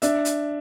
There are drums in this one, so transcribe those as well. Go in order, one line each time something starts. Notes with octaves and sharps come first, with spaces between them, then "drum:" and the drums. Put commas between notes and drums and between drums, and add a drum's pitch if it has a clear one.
D4 E5, drum: hi-hat
drum: hi-hat